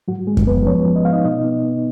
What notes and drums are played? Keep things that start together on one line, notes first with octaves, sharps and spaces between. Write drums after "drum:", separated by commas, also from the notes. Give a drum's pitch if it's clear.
G#2 F#3 F#4
G#3 G#4
drum: kick F#2
F3 B3 B4
F3 C#4 C#5
F3
D#5
B3 F5
D#4 D#5
B2 D#4 D#5
B3
B3